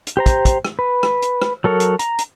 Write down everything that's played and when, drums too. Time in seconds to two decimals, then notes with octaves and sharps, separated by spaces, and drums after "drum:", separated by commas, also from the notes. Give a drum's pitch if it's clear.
0.07 drum: hi-hat
0.17 G4 C5 A#5
0.26 drum: kick, hi-hat
0.45 drum: kick, hi-hat
0.65 drum: rim click
0.79 B4
1.03 drum: rim click
1.22 drum: hi-hat
1.42 drum: rim click
1.64 F#3 A4 A#4 C#5
1.80 drum: hi-hat
1.99 A#5, drum: hi-hat
2.19 drum: hi-hat